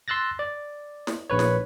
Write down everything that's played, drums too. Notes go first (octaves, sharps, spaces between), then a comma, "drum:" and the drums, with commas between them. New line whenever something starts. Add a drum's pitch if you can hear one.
C6 E6 F#6 A6 A#6
D5
drum: snare
A#1 B4 C#5
drum: snare